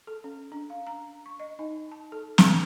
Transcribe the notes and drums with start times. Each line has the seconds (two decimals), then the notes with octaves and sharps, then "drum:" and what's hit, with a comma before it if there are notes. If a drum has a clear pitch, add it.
0.07 A4
0.24 C#4
0.52 D4
0.70 F5
0.87 A#5
1.26 C#6
1.40 D#5
1.59 D#4
1.91 A5
2.12 A4
2.38 B4, drum: snare